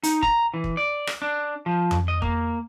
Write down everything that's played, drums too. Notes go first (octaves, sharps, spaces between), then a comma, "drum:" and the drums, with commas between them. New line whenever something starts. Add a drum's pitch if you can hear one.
D#4, drum: hi-hat
A#5, drum: kick
E3
drum: kick
D5
drum: rim click
D4
F3
drum: tom F2
D#5
A#3, drum: kick